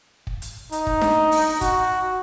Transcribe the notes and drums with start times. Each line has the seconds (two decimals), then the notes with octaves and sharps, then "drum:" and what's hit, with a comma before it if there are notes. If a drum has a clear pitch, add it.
0.27 drum: kick
0.42 drum: hi-hat
0.72 D#4, drum: hi-hat
0.87 drum: kick
1.02 drum: snare D4
1.31 drum: open hi-hat
1.61 F#4, drum: kick, hi-hat